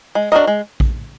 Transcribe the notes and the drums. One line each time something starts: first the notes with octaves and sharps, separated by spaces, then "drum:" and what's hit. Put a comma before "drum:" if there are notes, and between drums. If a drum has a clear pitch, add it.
G#3
D4 F#4 A#4 D#5
G#3
drum: kick A#1